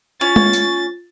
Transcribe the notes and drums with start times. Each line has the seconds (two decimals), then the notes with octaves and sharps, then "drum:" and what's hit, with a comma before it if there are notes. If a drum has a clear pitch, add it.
0.21 C#4 F4 A6
0.36 drum: tom G#3
0.53 drum: hi-hat